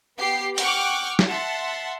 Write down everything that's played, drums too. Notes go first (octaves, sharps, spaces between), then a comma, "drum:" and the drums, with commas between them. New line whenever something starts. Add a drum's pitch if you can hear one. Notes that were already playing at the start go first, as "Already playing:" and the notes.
B3 G4 C7
F#5 G5 C#6 D6 F6 F#6, drum: hi-hat
drum: snare
E5 F#5 A5 C6